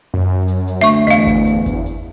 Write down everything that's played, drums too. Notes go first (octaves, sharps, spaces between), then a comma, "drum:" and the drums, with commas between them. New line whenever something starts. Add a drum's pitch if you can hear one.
F#2
drum: hi-hat
drum: hi-hat
D2 E5 C#6
E2 D#5 F5, drum: hi-hat
drum: kick G1, hi-hat
drum: hi-hat
drum: kick G1, hi-hat
drum: hi-hat